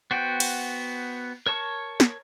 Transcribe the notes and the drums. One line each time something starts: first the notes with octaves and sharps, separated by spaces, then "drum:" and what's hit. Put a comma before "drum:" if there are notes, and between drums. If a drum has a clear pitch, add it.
B3 F#4 C5 G5
drum: cymbal
A#4 C#5 A5 C#6
drum: snare